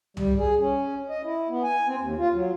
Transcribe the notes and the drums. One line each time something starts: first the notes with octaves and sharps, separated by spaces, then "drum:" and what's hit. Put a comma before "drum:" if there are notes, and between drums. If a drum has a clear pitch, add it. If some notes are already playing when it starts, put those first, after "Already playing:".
G3, drum: tom
G#4
C#4
D#5
E4
B3
G#5
C4
D#2
F4
F#3